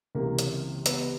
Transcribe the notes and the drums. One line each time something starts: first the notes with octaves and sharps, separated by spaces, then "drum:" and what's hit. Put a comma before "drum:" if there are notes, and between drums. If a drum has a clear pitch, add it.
C#2 C3 E3 A#3
drum: hi-hat
B3, drum: hi-hat